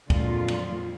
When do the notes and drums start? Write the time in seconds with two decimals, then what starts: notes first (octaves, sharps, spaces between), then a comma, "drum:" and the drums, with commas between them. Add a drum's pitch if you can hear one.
0.10 F2 A#2 D3 F#3 G#3 F4, drum: kick, cymbal
0.48 drum: cymbal